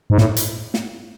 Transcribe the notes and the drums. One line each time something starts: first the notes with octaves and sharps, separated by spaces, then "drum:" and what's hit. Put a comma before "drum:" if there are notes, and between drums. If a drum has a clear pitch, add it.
G#2
A2, drum: snare
drum: hi-hat
drum: snare